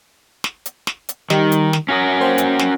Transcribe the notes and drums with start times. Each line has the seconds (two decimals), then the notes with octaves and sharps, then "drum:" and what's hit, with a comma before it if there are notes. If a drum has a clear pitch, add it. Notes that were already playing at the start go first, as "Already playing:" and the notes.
0.44 drum: snare
0.66 drum: hi-hat
0.87 drum: snare
1.09 drum: hi-hat
1.30 D#3 G3 D#4 G4, drum: snare
1.52 drum: hi-hat
1.73 drum: snare
1.89 C#4 F#4 A#4 C#6 D#6
2.20 A#3 C5 G5
2.38 drum: hi-hat
2.59 drum: snare